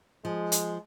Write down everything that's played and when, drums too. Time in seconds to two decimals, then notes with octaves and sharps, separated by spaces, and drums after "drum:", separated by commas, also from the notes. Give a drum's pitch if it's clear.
0.25 F3 G#3
0.52 drum: hi-hat